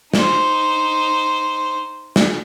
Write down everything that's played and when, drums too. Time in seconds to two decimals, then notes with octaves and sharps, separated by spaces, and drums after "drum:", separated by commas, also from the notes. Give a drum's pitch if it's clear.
0.14 D#4 C5, drum: snare
2.16 drum: snare